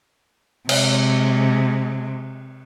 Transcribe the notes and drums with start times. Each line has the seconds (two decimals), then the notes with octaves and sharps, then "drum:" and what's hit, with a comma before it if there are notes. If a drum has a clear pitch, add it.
0.69 C3 G#3, drum: cymbal